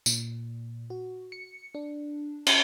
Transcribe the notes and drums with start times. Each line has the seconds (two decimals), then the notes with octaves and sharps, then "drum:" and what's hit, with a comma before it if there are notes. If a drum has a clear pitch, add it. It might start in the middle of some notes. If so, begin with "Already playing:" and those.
0.06 A#2, drum: tambourine
0.90 F#4
1.32 C#7
1.75 D4
2.47 C#4, drum: cymbal